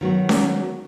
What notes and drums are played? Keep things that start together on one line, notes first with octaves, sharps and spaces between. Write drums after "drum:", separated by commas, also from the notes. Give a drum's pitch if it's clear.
D#3 F#3 B3 F#4
drum: snare C#4